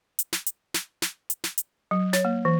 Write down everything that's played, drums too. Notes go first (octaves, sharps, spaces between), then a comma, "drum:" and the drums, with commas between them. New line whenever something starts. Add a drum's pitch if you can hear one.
drum: hi-hat
drum: snare
drum: hi-hat
drum: snare
drum: snare
drum: hi-hat
drum: snare
drum: hi-hat
F#3
C#5, drum: snare
A#3
E3